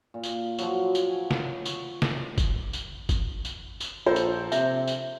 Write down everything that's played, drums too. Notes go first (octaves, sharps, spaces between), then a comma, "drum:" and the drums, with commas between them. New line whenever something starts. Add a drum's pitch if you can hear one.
A#2
drum: tambourine
F3 F#3, drum: tambourine
drum: tambourine
G#5
drum: snare
C#6, drum: tambourine
drum: snare
drum: kick, tambourine
drum: tambourine
drum: kick, tambourine
drum: tambourine
drum: tambourine
A#1 F4 A4 A#4 C5
drum: tambourine
C3 E5, drum: tambourine
drum: tambourine